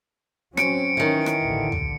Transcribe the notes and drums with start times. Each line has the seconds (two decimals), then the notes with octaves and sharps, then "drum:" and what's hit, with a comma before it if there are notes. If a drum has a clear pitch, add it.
0.57 F#3 C4 C#4 C#7 D7, drum: rim click
0.97 D#3 E3 C#4
1.26 drum: rim click
1.45 A1 D#2 D3
1.72 drum: tom